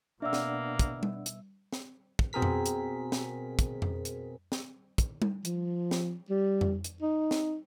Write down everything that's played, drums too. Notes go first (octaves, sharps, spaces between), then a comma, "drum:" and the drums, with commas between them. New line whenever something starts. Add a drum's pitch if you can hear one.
B2 A#3 D4 D5 E5 F#5 E6
drum: snare
drum: kick, hi-hat
drum: tom G3
drum: hi-hat
drum: snare
drum: kick
B2 C4 G#4 A#4 B6
drum: tom F2
drum: hi-hat
drum: snare
drum: kick, hi-hat
drum: tom F2
drum: hi-hat
drum: snare
drum: kick, hi-hat
drum: tom G3
F3, drum: hi-hat
drum: snare
G3
drum: tom F2
drum: hi-hat
D#4
drum: snare